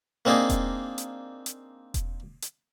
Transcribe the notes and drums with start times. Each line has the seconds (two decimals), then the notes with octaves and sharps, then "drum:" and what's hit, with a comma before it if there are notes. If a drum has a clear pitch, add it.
0.25 A#3 C4 D4 D#4 G#4
0.50 drum: kick E1, hi-hat
0.98 drum: hi-hat
1.46 drum: hi-hat
1.94 drum: kick E1, hi-hat
2.42 drum: hi-hat